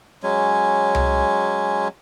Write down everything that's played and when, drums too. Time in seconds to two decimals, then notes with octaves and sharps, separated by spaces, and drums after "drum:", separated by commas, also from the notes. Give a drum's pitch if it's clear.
0.23 F#3 G#3 C#4 G#5
0.95 drum: tom C2